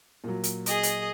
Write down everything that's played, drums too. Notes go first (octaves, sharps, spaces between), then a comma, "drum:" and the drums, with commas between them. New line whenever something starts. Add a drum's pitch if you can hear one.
A#2 F#3
drum: hi-hat
G#4 D#5, drum: hi-hat
drum: hi-hat